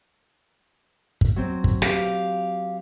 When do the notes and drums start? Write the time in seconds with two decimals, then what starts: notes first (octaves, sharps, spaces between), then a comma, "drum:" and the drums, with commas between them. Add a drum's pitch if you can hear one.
1.21 drum: kick
1.36 F#3 C4
1.64 drum: kick
1.82 G4 F5, drum: snare